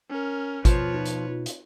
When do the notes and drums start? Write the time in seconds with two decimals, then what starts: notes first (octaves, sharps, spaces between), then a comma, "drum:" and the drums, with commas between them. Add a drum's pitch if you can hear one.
0.10 C#4 A#4
0.65 B2 F3 B4 C#5, drum: kick G#1, hi-hat
0.94 D#4 F4
1.06 drum: hi-hat
1.46 drum: hi-hat